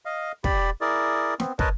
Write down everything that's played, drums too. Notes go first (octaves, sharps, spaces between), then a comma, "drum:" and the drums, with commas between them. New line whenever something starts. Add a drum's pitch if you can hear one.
D#5 F5
G4 D5 B5, drum: kick
E4 G#4 A#4 D5
B3 C4, drum: snare
A#4 B4 C#5 D#5 A5, drum: kick